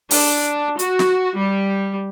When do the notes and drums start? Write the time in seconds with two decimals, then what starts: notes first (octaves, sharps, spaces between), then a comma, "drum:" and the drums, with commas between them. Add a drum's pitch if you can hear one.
0.11 D4, drum: open hi-hat
0.79 F#4, drum: hi-hat
0.99 drum: snare
1.37 G3